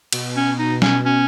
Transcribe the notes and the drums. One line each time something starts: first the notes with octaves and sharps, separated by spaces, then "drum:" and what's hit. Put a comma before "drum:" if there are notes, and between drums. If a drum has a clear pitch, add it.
B2, drum: cymbal
C#4
D#4
C#4, drum: snare
C#4